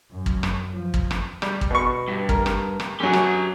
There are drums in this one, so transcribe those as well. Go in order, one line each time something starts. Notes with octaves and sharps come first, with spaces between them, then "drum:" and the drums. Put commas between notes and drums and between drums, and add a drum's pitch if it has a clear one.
F#2
drum: kick
drum: rim click
F3
drum: kick
drum: rim click
G3, drum: rim click
drum: kick
B2 C#6
G2
A#4, drum: kick
drum: rim click
drum: rim click
F#2 F#3 G4 G#5
drum: rim click